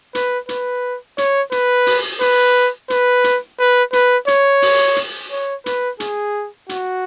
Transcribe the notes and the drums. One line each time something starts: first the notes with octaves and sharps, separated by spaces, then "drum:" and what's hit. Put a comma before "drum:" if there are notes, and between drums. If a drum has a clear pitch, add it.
B4, drum: hi-hat
B4, drum: hi-hat
C#5, drum: hi-hat
B4, drum: hi-hat
drum: open hi-hat
B4, drum: hi-hat
B4, drum: hi-hat
drum: hi-hat
B4
B4, drum: hi-hat
C#5, drum: hi-hat
drum: open hi-hat
drum: hi-hat
C#5
B4, drum: hi-hat
G#4, drum: hi-hat
F#4, drum: hi-hat